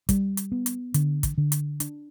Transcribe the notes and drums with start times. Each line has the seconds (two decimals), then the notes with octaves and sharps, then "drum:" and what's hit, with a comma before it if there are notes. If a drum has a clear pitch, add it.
0.09 G3, drum: kick, hi-hat
0.37 drum: hi-hat
0.52 B3
0.66 drum: hi-hat
0.94 D3, drum: hi-hat
1.23 drum: kick, hi-hat
1.38 D3
1.52 drum: hi-hat
1.80 D4, drum: hi-hat